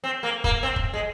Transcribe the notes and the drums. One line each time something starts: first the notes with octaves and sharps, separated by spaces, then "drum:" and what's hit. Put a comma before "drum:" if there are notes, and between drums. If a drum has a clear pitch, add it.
C4
A#3
A#3, drum: kick
C4
drum: kick
G#3